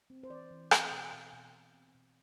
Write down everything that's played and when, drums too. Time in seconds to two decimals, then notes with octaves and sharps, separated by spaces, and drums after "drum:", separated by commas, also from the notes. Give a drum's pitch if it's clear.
0.10 C4
0.23 C5
0.30 E3 D5
0.51 E3
0.71 C4 E5, drum: rim click
0.92 B2
1.12 B2 F5
1.33 B2
1.53 B2
1.74 C4
1.94 B2